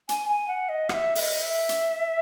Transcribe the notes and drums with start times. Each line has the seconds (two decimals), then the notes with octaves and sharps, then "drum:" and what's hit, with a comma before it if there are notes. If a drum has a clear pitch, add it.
0.09 G#5, drum: hi-hat
0.29 G#5
0.48 F#5
0.69 D#5
0.89 F#5, drum: rim click
0.94 E5
1.15 E5, drum: open hi-hat
1.20 D#5
1.42 E5
1.69 drum: hi-hat